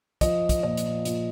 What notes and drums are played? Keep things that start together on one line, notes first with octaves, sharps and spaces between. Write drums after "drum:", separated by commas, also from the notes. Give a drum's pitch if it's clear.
F3 D#5, drum: kick, hi-hat
drum: kick, hi-hat
A#2 D#5
drum: hi-hat
A#2, drum: hi-hat